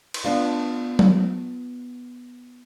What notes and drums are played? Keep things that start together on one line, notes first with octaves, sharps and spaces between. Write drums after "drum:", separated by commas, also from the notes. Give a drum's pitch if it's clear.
drum: cymbal
B3 D4 F4
drum: tom F#3